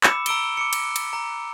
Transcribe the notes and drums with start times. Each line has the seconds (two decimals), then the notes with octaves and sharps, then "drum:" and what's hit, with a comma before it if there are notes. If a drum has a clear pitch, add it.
0.03 B5 D6 E6 C#7 E7, drum: clap
0.26 A#5 E6 D7 G7, drum: cymbal
0.57 D6 C#7
0.73 drum: cymbal
0.96 drum: cymbal
1.13 A#5